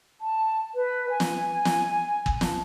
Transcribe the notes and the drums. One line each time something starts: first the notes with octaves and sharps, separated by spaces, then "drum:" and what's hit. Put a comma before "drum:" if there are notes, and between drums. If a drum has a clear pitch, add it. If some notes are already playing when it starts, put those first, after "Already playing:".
A5
B4
G#5
drum: snare
drum: snare
drum: kick
A5, drum: snare